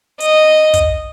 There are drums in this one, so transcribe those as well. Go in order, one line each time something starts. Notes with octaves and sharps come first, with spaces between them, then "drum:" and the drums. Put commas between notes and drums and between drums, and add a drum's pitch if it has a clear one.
D#5, drum: hi-hat
drum: kick, hi-hat